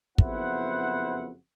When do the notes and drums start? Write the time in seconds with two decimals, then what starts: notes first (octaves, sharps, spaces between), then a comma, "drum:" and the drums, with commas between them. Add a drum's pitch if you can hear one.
0.18 F#1 F2 B3 E4 C5 F#5, drum: kick